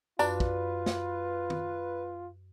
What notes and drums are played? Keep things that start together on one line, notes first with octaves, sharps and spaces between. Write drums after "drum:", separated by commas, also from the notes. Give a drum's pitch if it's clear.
F#2 D4 F4 B4, drum: tambourine
drum: kick
drum: snare
drum: tom D#3